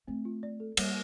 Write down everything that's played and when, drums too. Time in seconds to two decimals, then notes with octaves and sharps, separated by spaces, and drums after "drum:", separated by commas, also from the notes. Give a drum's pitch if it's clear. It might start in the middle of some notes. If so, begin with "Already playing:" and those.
0.08 A3 C4
0.25 F4
0.43 D5
0.60 A4
0.77 G3 A#3, drum: cymbal